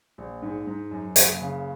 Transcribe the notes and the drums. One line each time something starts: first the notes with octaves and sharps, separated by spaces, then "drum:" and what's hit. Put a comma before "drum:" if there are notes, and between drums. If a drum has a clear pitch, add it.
A#1
G#2
G#2
F#2
F#1, drum: hi-hat
C#3